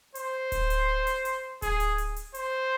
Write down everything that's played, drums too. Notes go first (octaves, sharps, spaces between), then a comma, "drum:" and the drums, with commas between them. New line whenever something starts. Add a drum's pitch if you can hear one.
C5, drum: hi-hat
drum: kick D1, hi-hat
drum: hi-hat
drum: hi-hat
drum: hi-hat
G#4, drum: kick D1, hi-hat
drum: hi-hat
drum: hi-hat
drum: hi-hat
C5, drum: hi-hat